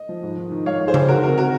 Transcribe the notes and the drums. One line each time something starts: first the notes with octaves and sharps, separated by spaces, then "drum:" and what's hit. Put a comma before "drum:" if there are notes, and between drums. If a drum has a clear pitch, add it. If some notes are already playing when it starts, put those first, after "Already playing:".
Already playing: D#5
F3
G#2
D#3
D#3
G#2 C#5 F5
G#2
G#4 C5
D#3, drum: tom C#3
D#3 F#4 A#4
C3 F#4 A#4
F#4 A#4